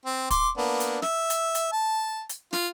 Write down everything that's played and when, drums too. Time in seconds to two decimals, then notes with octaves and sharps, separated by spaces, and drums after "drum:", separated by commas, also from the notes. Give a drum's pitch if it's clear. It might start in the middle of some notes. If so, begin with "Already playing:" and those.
0.06 C4
0.30 C6 D6, drum: kick, hi-hat
0.57 A#3 B3 D4
0.80 drum: hi-hat
1.02 E5, drum: snare
1.30 drum: hi-hat
1.55 drum: hi-hat
1.72 A5
2.29 drum: hi-hat
2.53 F4, drum: snare